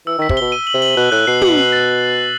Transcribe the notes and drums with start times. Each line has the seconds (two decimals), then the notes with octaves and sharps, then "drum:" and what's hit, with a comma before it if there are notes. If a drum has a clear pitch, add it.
0.07 E3 E6
0.18 D#3 B6
0.29 C3, drum: kick
0.37 B2 G7
0.52 D#7
0.67 F#7
0.74 C3
0.82 F#7
0.96 B2 F#6
1.12 A2 F#6
1.27 B2 C7
1.42 F#7, drum: tom
1.58 F#7
1.72 A6